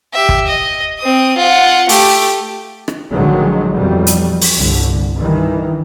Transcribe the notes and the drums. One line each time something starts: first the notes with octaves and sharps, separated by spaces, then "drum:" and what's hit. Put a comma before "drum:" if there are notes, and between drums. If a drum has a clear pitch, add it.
G4 E5
drum: kick
D#5
C4 D#6
F4 F#5
A3 G4, drum: open hi-hat
drum: rim click
A1 D3 D#3 F3 F#3 G#3
F2 B2 E3 F#3 G3
drum: hi-hat
drum: open hi-hat
G1 C2 D3
G2 D#3 E3